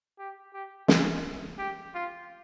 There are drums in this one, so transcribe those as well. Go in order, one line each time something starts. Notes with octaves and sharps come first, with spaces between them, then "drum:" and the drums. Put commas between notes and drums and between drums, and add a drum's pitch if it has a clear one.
G4
G4
G#4, drum: snare
G4
F4